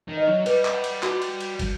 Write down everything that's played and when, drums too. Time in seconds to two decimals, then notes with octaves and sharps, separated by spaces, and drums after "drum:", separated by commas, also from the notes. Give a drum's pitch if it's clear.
0.08 D#3
0.17 D#5
0.27 F#3
0.46 G3 B4, drum: cymbal
0.65 drum: clap
0.74 F#5
0.84 drum: cymbal
1.03 F#4, drum: clap
1.22 drum: cymbal
1.41 drum: cymbal
1.59 drum: kick, cymbal